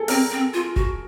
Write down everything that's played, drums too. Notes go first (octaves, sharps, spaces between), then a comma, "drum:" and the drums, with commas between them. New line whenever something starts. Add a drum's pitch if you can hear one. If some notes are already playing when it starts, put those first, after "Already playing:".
Already playing: G#4 A4
C4 A#4, drum: open hi-hat
C4
F4
F#4, drum: kick F#1